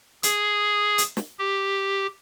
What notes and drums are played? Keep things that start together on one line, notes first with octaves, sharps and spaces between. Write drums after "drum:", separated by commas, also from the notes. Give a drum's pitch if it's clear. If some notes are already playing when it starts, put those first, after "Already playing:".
G#4, drum: hi-hat
drum: hi-hat
drum: snare
G4